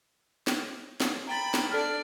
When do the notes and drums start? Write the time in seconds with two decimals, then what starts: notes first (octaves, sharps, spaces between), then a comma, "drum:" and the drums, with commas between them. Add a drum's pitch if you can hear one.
0.47 drum: snare
1.00 drum: snare
1.27 G5 A#5 B5 A6
1.54 drum: snare
1.71 D4 A4 D5 F6